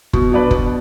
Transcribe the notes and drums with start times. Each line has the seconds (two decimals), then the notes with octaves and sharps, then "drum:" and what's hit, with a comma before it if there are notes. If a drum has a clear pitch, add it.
0.13 B2, drum: kick
0.32 F#3 D4 B4
0.51 B2, drum: kick